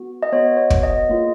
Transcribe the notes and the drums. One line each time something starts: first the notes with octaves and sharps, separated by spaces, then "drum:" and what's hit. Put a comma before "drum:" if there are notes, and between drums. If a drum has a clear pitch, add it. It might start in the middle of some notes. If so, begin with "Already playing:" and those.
Already playing: B3 F#4
D#5
B3 F#4 C#5
C#5
drum: kick
D#5
A#3 F4 G#4